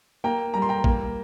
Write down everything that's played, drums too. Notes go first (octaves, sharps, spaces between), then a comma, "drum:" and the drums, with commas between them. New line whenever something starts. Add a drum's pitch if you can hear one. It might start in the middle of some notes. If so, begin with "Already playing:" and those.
A#3 G5 A#5
G3 A#5
C6
G5 A#5
A#3, drum: kick